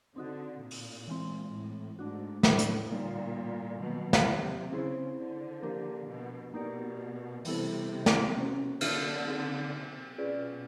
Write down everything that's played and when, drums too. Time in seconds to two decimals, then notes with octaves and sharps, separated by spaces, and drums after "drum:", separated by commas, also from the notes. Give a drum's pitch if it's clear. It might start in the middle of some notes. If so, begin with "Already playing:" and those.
0.16 D3 C4 D#4 F#4
0.62 A#2
0.71 drum: open hi-hat
1.07 E3 G#3 C4
1.52 A2
1.98 G#2 A3 D4 F#4
2.43 A2, drum: snare
2.59 drum: hi-hat
2.89 A#2 D3 G3 A#3 D#4
3.80 B2 D#3 F#3 A#3
4.13 drum: snare
4.26 C3
4.71 C#3 C4 E4 G#4 C5
5.17 D3
5.63 F3 A#3 D4 G4 A#4
6.09 B2
6.54 B2 A#3 D#4 G4 A#4 D5
7.45 C3 E3 G3 B3 E4 A4, drum: open hi-hat
8.06 drum: snare
8.36 A#3 C#4 F#4
8.81 D3, drum: cymbal
9.26 C4 D#4 G#4
9.73 C3
10.18 B2 C#4 F4 G#4 B4 D5